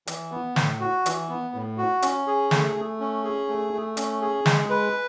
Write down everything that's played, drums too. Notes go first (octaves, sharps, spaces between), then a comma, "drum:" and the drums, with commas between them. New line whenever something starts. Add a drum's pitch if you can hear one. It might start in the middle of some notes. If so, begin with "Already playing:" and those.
E3, drum: hi-hat
B3
A2, drum: snare
F#4
E3, drum: hi-hat
B3
A2
F#4
C#4, drum: hi-hat
G#4
A3, drum: snare
A3
C#4
G#4
A3
A3
C#4, drum: hi-hat
G#4
G#3, drum: snare
B4